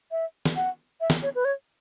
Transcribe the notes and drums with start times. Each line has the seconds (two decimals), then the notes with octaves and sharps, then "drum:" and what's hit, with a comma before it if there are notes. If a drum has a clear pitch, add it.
0.11 E5
0.45 drum: snare
0.56 F#5
1.01 E5
1.10 drum: snare
1.23 C#5
1.35 B4
1.45 C#5